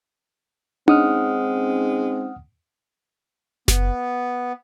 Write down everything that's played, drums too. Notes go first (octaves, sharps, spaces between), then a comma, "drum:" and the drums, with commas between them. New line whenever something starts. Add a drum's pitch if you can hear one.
G#3 C4 C#4 D#4 F#5 D#6 F6, drum: tom D4
B3, drum: snare F#1